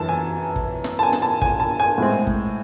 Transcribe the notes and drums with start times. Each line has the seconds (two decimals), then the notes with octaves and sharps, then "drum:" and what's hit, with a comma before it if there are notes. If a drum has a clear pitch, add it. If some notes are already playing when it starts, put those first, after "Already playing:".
Already playing: F#2 E3 A5
0.09 G#5
0.56 drum: kick
0.84 drum: snare
0.99 A5
1.03 G#5
1.13 drum: snare
1.22 A5
1.42 G#5, drum: kick
1.60 A5
1.80 G#5
1.98 A2 G#3 C4
2.27 drum: kick